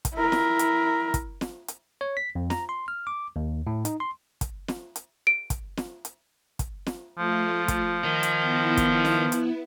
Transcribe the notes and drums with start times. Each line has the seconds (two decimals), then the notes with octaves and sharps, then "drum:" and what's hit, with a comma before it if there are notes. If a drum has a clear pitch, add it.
0.05 drum: kick, hi-hat
0.14 E4 A#4
0.32 drum: snare
0.59 drum: hi-hat
1.14 drum: kick, hi-hat
1.41 drum: snare
1.68 drum: hi-hat
2.01 C#5
2.17 B6
2.35 F2
2.50 A#5, drum: snare
2.69 C6
2.88 F6
3.07 D6
3.36 D#2
3.67 A2
3.85 D#4, drum: hi-hat
4.00 C6
4.41 drum: kick, hi-hat
4.68 drum: snare
4.96 drum: hi-hat
5.27 D7
5.50 drum: kick, hi-hat
5.77 drum: snare
6.05 drum: hi-hat
6.59 drum: kick, hi-hat
6.86 drum: snare
7.18 F3 A3 F4
7.68 drum: kick, hi-hat
8.04 D#3 D#4 G#6
8.23 drum: hi-hat
8.41 B3 E4
8.77 drum: kick, hi-hat
9.05 drum: snare
9.32 drum: hi-hat